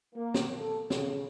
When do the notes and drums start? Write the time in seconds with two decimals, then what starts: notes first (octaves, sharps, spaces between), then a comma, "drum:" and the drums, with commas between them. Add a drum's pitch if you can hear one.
0.14 A#3
0.34 drum: snare
0.56 A4
0.90 C#3, drum: snare